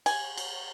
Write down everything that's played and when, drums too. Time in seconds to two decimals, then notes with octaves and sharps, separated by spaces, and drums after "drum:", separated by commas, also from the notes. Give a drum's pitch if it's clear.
0.06 G#5, drum: cymbal
0.38 drum: cymbal